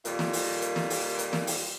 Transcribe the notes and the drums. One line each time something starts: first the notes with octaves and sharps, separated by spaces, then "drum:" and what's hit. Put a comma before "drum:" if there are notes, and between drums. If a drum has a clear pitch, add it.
F2 A#2 D#3 G3 F4, drum: hi-hat
drum: snare
drum: open hi-hat
drum: hi-hat
drum: snare
drum: open hi-hat
drum: hi-hat
drum: snare
drum: open hi-hat